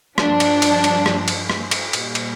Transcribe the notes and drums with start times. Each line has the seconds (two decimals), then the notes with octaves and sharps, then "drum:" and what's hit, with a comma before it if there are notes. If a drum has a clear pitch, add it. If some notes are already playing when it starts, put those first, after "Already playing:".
0.18 G2 F3 D4, drum: rim click
0.40 drum: cymbal
0.62 drum: cymbal
0.84 drum: cymbal
1.06 drum: rim click
1.28 drum: cymbal
1.50 drum: rim click
1.71 drum: cymbal
1.93 A#2 G3, drum: cymbal
2.15 drum: cymbal